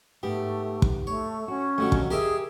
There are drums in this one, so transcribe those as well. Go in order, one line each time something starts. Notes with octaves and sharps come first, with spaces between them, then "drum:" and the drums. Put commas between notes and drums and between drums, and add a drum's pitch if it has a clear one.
G#2 A3 B3 G4
drum: kick
A3 C#5
C#4 F#4
F2 D3 F#3 A3 F#4 G4
drum: kick
G4 G#4 A#4 D#5 E5